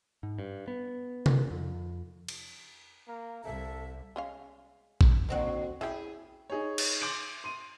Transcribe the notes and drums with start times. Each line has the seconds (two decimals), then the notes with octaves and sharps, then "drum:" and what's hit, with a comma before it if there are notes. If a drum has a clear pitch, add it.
0.23 G#2
0.39 G2
0.68 B3
1.26 drum: tom C3
1.51 F2
2.28 drum: cymbal
3.08 A#3
3.44 C2 A4 E5
4.16 G#3 C#4 F5
5.01 drum: kick A#1
5.29 D#2 D3 C4 F#4
5.81 C#4 E4 G4 G#4
6.50 D#4 G#4 C#5
6.78 drum: cymbal
7.01 C6 D6 G6 D7 F#7
7.44 C6 D#7